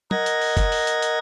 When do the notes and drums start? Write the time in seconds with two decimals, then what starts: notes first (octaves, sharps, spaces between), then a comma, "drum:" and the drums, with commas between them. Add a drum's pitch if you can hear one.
0.11 A#4 D#5 F#5 G#6 A#6, drum: tom
0.26 drum: hi-hat
0.41 drum: open hi-hat
0.57 drum: kick, hi-hat
0.72 drum: open hi-hat
0.87 drum: hi-hat
1.02 drum: hi-hat